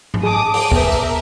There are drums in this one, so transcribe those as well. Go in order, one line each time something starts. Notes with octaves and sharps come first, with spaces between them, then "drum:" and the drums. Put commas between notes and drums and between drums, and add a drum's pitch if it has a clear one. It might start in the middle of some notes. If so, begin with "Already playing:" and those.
drum: tom G#2
G#4 A5 D6 D#6
drum: open hi-hat
B3 G#4 A#4 B4 E5, drum: kick D2
drum: tambourine